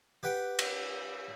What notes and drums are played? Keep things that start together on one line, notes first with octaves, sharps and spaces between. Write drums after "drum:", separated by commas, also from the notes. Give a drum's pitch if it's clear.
G4 B4 F#5 G5
drum: cymbal